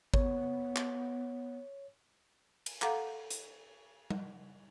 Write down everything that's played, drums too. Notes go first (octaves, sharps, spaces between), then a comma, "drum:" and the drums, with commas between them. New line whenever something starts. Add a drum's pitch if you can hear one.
B3 C#5, drum: kick G#1
drum: clap
drum: cymbal
A4 F5 F#5 A#5 D6, drum: clap
drum: hi-hat
drum: tom G3